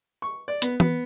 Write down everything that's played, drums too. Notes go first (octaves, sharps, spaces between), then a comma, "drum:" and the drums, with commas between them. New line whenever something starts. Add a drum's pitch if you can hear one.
C#6
D5
B3, drum: hi-hat
B3, drum: tom